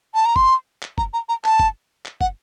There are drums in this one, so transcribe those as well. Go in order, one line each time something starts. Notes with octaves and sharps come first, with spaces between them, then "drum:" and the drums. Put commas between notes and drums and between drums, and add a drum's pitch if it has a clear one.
A5
A#5
C6, drum: kick
drum: clap
A#5, drum: kick
A#5
A#5
A5, drum: clap
drum: kick
drum: clap
F#5, drum: kick